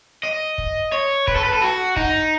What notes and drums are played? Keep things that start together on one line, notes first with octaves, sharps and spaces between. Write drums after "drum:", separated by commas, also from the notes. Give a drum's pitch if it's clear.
D#5
drum: kick
C#5
B4, drum: kick
A4
B4
A4
F#4
D#4, drum: kick